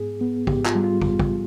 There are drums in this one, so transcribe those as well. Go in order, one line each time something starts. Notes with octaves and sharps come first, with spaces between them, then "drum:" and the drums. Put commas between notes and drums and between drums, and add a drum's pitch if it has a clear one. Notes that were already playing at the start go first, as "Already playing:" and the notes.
Already playing: G#2 B3 G#4
B3
G#2 G4, drum: kick
F4, drum: clap
G3
F4
drum: kick
drum: kick